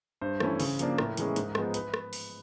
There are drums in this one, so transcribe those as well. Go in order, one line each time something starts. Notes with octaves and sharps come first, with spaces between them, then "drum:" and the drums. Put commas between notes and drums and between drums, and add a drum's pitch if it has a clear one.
G2 C5
E3 A3 C#4 E4, drum: rim click
C#3, drum: open hi-hat
F3 A#3 D4, drum: hi-hat
A2 A#4, drum: rim click
E3 G#3 C#4, drum: hi-hat
G#2, drum: hi-hat
F3 G#3 B3 D#4, drum: rim click
B4, drum: hi-hat
drum: rim click
drum: open hi-hat